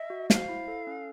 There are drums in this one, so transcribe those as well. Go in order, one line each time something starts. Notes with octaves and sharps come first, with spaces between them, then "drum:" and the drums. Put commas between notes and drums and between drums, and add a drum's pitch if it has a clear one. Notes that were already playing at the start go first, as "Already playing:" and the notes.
Already playing: D#5 E5
F#4
C5 F5, drum: snare
E4
A4
C#4